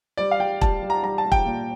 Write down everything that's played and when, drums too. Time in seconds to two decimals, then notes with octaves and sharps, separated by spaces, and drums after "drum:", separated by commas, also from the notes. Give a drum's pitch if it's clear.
0.17 G3 D5
0.31 F5
0.40 G3 G5
0.61 G3 A5, drum: kick E1
0.83 G3
0.90 A#5
1.03 G3 A#5
1.18 A5
1.26 G3
1.32 G5, drum: kick E1
1.46 A#2